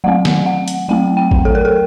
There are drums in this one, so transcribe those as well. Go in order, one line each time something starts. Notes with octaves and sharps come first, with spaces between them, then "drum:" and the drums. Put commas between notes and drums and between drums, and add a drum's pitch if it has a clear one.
F#3 A3 C4 F#5
drum: snare D#3
F#5
drum: hi-hat
F#3 A3 C4 G5
G5
drum: kick A1
A4
A#4
A4